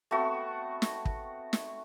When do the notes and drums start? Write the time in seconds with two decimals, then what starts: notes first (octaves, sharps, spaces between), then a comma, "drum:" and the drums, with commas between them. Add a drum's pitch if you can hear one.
0.11 A3 B3 C4 F#4
0.82 drum: snare
1.05 drum: kick
1.53 drum: snare